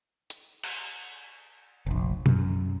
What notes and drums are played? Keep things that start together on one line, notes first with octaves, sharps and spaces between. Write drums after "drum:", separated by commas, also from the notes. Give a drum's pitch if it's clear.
drum: hi-hat
drum: cymbal
F1 A#1
F#2, drum: tom B2